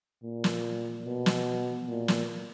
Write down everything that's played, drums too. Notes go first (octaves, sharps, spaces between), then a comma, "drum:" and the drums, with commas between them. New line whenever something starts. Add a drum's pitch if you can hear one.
A#2
drum: snare
B2
drum: snare
A#2
drum: snare